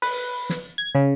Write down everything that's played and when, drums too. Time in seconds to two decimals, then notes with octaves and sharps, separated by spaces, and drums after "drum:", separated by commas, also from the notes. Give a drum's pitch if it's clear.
0.02 B4, drum: open hi-hat
0.50 drum: snare
0.78 G#6
0.95 C#3